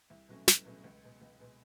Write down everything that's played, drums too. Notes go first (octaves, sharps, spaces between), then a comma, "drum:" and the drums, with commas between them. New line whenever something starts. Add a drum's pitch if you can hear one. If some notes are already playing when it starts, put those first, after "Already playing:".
C2
B2 F#3 A3 C#4
C2, drum: snare
B2 F#3 A3 C#4
C#2
B2 G#3
C#2
B2 G#3